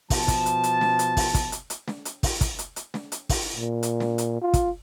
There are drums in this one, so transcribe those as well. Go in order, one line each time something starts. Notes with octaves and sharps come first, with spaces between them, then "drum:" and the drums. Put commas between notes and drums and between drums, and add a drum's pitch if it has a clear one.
B2 F3 A5, drum: kick, open hi-hat
drum: kick, hi-hat
drum: hi-hat
drum: hi-hat
drum: snare
drum: hi-hat
drum: kick, open hi-hat
drum: kick, hi-hat
drum: hi-hat
drum: hi-hat
drum: snare
drum: hi-hat
drum: kick, open hi-hat
drum: kick, hi-hat
drum: hi-hat
drum: hi-hat
drum: snare
drum: hi-hat
drum: kick, open hi-hat
A#2
drum: hi-hat
drum: snare
drum: hi-hat
F4
drum: kick, hi-hat